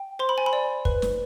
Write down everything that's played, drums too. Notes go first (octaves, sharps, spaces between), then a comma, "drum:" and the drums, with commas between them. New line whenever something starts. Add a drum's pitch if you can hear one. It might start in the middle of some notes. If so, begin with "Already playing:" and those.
Already playing: G5
C5 C6
B5
G#5
B5
D5
B4, drum: kick
drum: snare